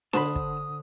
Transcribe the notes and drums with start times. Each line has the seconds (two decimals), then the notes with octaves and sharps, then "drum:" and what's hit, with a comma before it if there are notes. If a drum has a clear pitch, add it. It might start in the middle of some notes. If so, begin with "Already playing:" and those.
0.13 D3 C5 F#5 A5 B5 C6 D#6, drum: snare D4
0.36 drum: kick